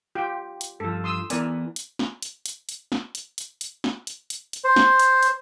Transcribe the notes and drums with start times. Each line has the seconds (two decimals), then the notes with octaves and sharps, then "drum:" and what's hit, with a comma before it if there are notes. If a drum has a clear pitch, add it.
0.15 F4 G4 G5
0.61 drum: hi-hat
0.80 G2 F3 A4
1.04 C6 D#6 E6
1.30 E3 B3 A#4 D5 G#5, drum: hi-hat
1.76 drum: hi-hat
1.99 drum: snare
2.22 drum: hi-hat
2.46 drum: hi-hat
2.69 drum: hi-hat
2.92 drum: snare
3.15 drum: hi-hat
3.38 drum: hi-hat
3.61 drum: hi-hat
3.84 drum: snare
4.07 drum: hi-hat
4.30 drum: hi-hat
4.53 drum: hi-hat
4.64 C5
4.76 drum: snare
4.99 drum: hi-hat
5.23 drum: hi-hat